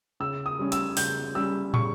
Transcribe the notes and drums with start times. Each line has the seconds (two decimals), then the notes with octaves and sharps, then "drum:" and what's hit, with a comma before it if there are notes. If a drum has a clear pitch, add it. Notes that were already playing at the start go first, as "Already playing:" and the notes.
0.20 C#3 E6
0.46 D#6
0.59 G3 C#4
0.72 E6, drum: hi-hat
0.97 C#3 G6, drum: open hi-hat
1.35 G3 C#4 E6
1.74 C#3 C#6, drum: tom